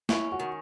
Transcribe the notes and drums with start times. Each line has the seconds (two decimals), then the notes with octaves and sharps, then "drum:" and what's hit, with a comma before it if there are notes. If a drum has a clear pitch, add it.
0.09 C#4 E4, drum: snare
0.32 F#4
0.40 D#3